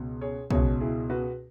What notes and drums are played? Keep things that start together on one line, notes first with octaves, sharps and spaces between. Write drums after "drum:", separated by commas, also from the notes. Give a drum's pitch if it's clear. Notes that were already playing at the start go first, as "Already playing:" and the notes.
Already playing: C#2 B2
G#4 C#5
C#2 B2 G#4 C#5, drum: kick
E4 G#4
F#4 B4